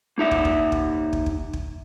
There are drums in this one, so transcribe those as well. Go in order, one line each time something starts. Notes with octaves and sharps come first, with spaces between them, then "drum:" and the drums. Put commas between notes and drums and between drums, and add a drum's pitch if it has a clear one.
A#3 D#4 E5
drum: kick
drum: kick
drum: kick
drum: kick
drum: kick
drum: kick